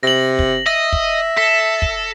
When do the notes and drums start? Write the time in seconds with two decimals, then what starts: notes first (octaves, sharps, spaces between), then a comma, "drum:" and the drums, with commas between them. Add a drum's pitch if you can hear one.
0.03 C3 A#6 F#7
0.39 drum: kick
0.66 D#5 E5 A#6
0.93 drum: kick
1.37 A4 B6
1.82 drum: kick